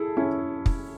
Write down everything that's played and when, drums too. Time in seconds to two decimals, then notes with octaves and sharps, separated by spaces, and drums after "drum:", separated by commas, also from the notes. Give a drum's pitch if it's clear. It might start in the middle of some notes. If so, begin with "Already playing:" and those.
Already playing: E4 G#4 A4
0.17 C#4 E4
0.66 drum: kick